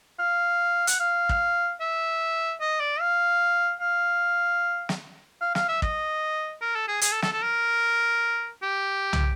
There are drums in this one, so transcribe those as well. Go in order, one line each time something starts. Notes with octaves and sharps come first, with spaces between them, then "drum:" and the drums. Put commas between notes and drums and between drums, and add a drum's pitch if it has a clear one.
F5
F#5, drum: hi-hat
F5
drum: kick
E5
D#5
D5
F5
F5
drum: snare
F5
F5, drum: snare
E5
D#5, drum: kick
A#4
A4
G#4
G#4, drum: hi-hat
A4
A4, drum: snare
A4
A#4
G4
drum: tom